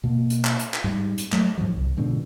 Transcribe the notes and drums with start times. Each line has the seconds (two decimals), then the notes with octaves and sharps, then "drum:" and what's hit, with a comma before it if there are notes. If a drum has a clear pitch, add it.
0.04 B2 A#3
0.30 drum: hi-hat
0.45 drum: clap
0.59 drum: hi-hat
0.74 drum: clap
0.84 G#2 G3
1.18 drum: hi-hat
1.32 F#3 A3, drum: clap
1.58 G#2 C#3 F3 F#3
1.72 D1 C2
1.97 G#2 B2 D3 F3